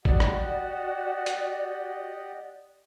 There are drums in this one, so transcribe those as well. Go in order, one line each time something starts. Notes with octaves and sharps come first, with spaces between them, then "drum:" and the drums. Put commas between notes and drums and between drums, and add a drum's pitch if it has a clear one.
F#4 G4 D5 D#5 F#5, drum: kick G#1
drum: rim click
drum: hi-hat